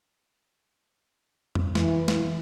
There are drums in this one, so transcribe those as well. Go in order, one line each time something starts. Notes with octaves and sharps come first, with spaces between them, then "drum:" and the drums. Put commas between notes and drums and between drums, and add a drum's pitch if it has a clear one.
drum: tom F2
E3, drum: snare
drum: snare